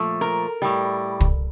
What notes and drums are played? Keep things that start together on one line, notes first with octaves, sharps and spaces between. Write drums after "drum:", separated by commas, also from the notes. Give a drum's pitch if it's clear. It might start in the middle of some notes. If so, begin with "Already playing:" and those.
Already playing: A#2 F3 A3
A#4
A2 G3
drum: kick